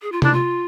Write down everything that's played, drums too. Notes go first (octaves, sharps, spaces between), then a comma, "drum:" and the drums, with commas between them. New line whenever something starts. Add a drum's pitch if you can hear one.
G#4
F4
D4 E4, drum: tom C3
F4